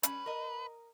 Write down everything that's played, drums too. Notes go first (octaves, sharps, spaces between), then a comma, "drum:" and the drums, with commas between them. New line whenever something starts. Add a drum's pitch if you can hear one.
G3 C#4 B4, drum: hi-hat
A#4 D#5